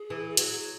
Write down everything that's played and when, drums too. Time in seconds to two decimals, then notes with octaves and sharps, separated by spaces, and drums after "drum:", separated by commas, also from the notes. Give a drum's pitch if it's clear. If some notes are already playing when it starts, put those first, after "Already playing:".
Already playing: G#4
0.10 E3
0.37 F#3, drum: hi-hat